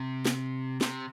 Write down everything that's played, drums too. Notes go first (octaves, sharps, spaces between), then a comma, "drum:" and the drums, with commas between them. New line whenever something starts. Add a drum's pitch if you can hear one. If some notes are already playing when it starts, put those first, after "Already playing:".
Already playing: C3
drum: snare
C3, drum: snare